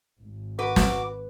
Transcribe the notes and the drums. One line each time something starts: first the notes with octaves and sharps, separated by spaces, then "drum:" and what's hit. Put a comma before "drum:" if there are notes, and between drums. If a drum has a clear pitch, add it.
G#1
F#4 B4 D6
drum: snare